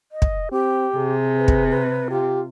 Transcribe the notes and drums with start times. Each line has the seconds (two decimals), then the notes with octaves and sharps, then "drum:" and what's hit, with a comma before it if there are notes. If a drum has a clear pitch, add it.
0.12 D#5
0.22 drum: kick
0.52 C4 G4
0.96 C3 G#4
1.37 B4
1.48 drum: kick
1.70 B4
2.11 F4 G4